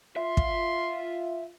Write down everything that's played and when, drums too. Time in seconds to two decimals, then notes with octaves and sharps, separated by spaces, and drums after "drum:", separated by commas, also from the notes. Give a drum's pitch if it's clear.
0.17 F4 E5 C6
0.37 drum: kick